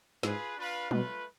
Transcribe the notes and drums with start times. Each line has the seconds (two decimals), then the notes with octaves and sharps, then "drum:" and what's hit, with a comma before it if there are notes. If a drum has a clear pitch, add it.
0.23 G#2 F4 G#4 B4, drum: snare
0.57 D4 F4 B4 F5
0.91 B2 A3 F4 B4, drum: tom F#3